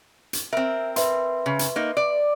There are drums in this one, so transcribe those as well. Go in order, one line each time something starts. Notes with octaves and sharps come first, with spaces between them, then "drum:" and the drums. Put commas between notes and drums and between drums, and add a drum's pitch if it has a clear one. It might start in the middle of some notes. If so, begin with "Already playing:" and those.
drum: hi-hat
C4 A#4 E5
B4 E5 C6, drum: hi-hat
C#3
drum: hi-hat
A#3 D#4
D5